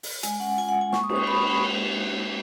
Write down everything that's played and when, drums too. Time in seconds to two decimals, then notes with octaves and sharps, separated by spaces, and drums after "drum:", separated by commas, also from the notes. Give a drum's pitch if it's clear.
0.03 drum: open hi-hat
0.23 G#3 G#5, drum: hi-hat
0.40 C#4 F#5
0.57 F4 G#5
0.69 F#5
0.75 G#3
0.81 G#5
0.93 A#3 C#6, drum: snare
1.03 D#6
1.09 C#4, drum: cymbal
1.16 C#6
1.27 F#4 B5
1.45 A#3
1.63 G#3
1.80 D#4
1.97 F#4
2.15 G#3